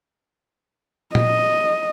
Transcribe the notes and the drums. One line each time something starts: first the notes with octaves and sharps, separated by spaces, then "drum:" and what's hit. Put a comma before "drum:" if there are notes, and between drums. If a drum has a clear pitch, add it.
D#5, drum: tom A#2